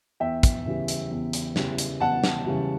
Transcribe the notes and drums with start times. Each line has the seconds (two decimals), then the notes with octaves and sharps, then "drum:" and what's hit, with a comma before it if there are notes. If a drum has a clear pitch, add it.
0.20 E2 E5 G5
0.43 drum: kick, hi-hat
0.66 C#3 E3 G3
0.88 drum: hi-hat
1.11 E2
1.33 drum: hi-hat
1.56 C#3 E3 G3, drum: snare
1.78 drum: hi-hat
2.00 E2 F#5 A5
2.24 drum: snare
2.46 C#3 E3 G3